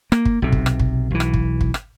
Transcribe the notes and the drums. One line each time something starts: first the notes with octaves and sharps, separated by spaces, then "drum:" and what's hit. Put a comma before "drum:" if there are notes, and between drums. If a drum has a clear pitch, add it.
A#3, drum: rim click
drum: kick
B1 C3
drum: kick
drum: rim click
drum: kick
B1 E3
drum: rim click
drum: kick
drum: kick
drum: rim click